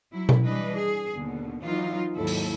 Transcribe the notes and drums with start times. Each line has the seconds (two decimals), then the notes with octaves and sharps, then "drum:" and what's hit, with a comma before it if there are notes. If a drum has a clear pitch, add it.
0.13 F#3 E4
0.29 drum: tom B2
0.46 E3 G3 D4 B4 D#5
0.77 G#4
1.15 D#2 B2 D3
1.63 E3 F#3 D#4 F4
2.16 D#2 G#2 F#3 E4 A4
2.27 drum: open hi-hat